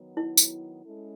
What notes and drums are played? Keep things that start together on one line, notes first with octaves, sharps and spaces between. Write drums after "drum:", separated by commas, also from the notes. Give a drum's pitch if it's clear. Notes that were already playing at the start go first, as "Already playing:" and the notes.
Already playing: D#3 F#3 B3
E4
drum: tambourine
G#3 C#4 E4 A4